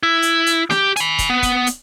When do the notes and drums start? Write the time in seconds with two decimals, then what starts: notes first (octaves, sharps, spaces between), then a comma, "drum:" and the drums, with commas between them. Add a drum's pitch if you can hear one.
0.03 E4
0.22 drum: hi-hat
0.46 drum: hi-hat
0.70 G4, drum: snare
0.96 G#5 B5, drum: hi-hat
1.19 drum: kick, hi-hat
1.30 B3
1.43 drum: kick, hi-hat
1.67 drum: hi-hat